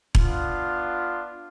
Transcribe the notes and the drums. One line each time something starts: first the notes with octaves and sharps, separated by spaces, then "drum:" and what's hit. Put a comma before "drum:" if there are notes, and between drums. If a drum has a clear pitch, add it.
B3 D4 F4, drum: kick E1